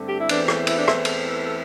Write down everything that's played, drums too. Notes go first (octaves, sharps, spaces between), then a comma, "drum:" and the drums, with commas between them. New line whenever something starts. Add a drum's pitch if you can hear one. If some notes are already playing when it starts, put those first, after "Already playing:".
Already playing: G2 D3 A3 C4
G4
E4
E2 E3 A3 C4 D4, drum: cymbal
drum: rim click
E4, drum: cymbal
D4
E4, drum: rim click
A4, drum: cymbal
A4
A4